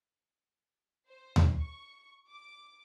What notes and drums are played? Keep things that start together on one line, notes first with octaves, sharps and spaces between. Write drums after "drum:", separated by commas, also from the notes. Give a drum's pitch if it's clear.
C5
drum: tom D#2
C#6
D6